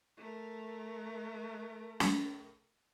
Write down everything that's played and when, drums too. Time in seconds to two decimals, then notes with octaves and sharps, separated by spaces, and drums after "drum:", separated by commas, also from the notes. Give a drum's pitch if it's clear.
0.18 A3 A#4
2.00 drum: snare